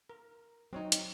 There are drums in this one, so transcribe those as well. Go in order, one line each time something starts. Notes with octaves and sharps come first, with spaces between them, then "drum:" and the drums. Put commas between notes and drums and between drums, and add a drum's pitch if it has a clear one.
A#4
F#3 C4 D#4 C#5
drum: hi-hat